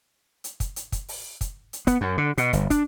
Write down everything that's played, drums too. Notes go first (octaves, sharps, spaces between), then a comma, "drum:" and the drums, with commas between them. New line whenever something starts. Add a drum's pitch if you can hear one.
drum: hi-hat
drum: kick, hi-hat
drum: hi-hat
drum: kick, hi-hat
drum: open hi-hat
drum: kick, hi-hat
drum: hi-hat
B3, drum: kick, hi-hat
F#2
D3
B2, drum: hi-hat
G1, drum: hi-hat
D4, drum: kick, hi-hat